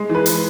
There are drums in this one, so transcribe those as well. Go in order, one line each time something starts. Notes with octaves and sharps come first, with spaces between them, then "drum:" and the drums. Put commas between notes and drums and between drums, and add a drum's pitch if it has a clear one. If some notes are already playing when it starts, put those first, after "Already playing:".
Already playing: G#3
E3
B4
drum: hi-hat